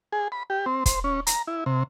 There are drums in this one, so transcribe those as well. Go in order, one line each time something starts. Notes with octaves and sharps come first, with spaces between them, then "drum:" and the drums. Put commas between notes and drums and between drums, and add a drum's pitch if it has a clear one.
G#4
B5
G4
C4
C5, drum: kick, hi-hat
C#4
A#5, drum: hi-hat
E4
C3